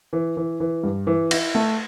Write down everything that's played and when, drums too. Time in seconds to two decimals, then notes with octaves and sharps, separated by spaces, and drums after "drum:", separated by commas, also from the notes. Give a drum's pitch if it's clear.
0.13 E3
0.37 E3
0.60 E3
0.84 G2
1.07 E3
1.31 E4, drum: cymbal
1.55 A3